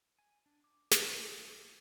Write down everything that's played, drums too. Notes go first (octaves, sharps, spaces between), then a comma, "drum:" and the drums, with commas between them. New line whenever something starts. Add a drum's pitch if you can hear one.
G#5
D4
D6
C4, drum: snare
D6
E4
G4
D6
A3